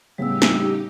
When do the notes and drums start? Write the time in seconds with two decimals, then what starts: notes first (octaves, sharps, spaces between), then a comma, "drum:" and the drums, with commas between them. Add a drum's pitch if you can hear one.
0.18 A2 C#3 G3 B3 D#4 G4 E6
0.42 drum: snare